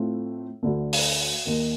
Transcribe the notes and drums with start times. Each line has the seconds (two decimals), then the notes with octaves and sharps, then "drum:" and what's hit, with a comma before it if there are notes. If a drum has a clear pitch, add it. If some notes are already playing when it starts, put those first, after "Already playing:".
Already playing: A2 A3 C4 F4
0.63 D2 D3 A3
0.93 drum: open hi-hat
1.45 D#2 D#3 A#3